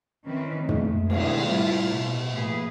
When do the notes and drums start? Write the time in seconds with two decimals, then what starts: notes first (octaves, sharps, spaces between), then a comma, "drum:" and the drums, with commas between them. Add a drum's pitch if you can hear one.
0.24 D#3 E3 C4 C#4 B4
0.60 G#3 A3
0.69 drum: tom
1.10 B2 D3 D#3 E4 G#4, drum: cymbal
1.44 A2 C3 G3 E4 F4
1.91 B2
2.32 A2 F3 A#3 G#4 B4